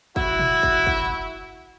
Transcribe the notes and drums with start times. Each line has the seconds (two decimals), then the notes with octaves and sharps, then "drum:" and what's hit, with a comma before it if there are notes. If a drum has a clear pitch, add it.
0.16 E4 F#4, drum: kick
0.40 drum: tom A#2
0.63 drum: kick
0.87 drum: kick